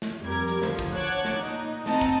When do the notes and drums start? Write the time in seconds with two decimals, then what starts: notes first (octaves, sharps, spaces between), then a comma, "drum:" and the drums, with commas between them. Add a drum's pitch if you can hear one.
0.02 drum: snare
0.23 F2 G3 A#4 G#6
0.48 drum: hi-hat
0.62 D3 F3, drum: snare
0.79 drum: kick, hi-hat
0.95 C#5 F#5 A5 D6 F#6 G#6
1.25 drum: snare
1.34 A#2 D#4
1.86 C4 D#5 F#5 A5 A#5, drum: snare
2.01 drum: kick, hi-hat